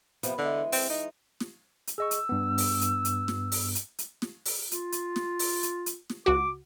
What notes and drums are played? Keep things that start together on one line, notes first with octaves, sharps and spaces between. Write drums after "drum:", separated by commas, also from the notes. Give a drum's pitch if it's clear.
C3 F3 B3, drum: hi-hat
D3 E3 G#3
C4, drum: open hi-hat
D#4
drum: snare
drum: hi-hat
G#4 D#5 C#6 E6
drum: hi-hat
G2 B3
drum: open hi-hat
drum: hi-hat
drum: hi-hat
drum: snare
drum: open hi-hat
drum: hi-hat
drum: hi-hat
drum: snare
drum: open hi-hat
F4, drum: hi-hat
drum: hi-hat
drum: snare
drum: open hi-hat
drum: hi-hat
drum: hi-hat
drum: snare
C#2 F#4 D6